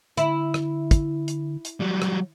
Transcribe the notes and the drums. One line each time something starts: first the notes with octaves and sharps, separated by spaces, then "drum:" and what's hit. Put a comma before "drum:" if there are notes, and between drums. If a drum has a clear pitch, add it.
D3 E4, drum: hi-hat
drum: rim click
drum: kick, hi-hat
drum: hi-hat
drum: hi-hat
F#3 G3
drum: rim click